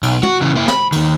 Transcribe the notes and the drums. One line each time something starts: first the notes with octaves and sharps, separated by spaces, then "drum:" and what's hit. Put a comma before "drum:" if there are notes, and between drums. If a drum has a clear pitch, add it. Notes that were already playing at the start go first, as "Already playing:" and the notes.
B1, drum: cymbal
F#4, drum: tom
C#3 E3
A#3 E4
B5, drum: snare
D#2 D#3, drum: cymbal